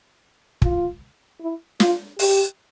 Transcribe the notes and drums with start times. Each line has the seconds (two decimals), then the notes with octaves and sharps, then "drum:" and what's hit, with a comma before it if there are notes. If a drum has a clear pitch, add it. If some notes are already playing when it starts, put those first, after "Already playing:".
0.62 F4, drum: kick
1.40 E4
1.80 F4, drum: snare
2.19 G4, drum: open hi-hat